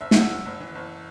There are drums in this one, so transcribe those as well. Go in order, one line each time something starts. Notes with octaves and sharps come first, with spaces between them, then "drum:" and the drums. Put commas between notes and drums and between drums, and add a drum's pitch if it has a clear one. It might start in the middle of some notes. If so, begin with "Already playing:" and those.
F#1 E5
F#1 F#5, drum: snare
E5
F#1
F#1
E3
F#1